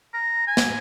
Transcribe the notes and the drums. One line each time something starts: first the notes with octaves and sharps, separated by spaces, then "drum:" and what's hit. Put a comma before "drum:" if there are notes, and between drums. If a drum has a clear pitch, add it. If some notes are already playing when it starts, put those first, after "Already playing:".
A#5
G#5
drum: snare